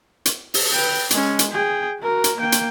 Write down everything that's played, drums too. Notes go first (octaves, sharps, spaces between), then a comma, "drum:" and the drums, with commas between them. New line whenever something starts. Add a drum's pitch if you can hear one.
drum: hi-hat
drum: open hi-hat
B4 G5
G#3 C#4, drum: hi-hat
drum: hi-hat
G#4 G5
F#4 A#4
drum: hi-hat
A#3 G5
drum: hi-hat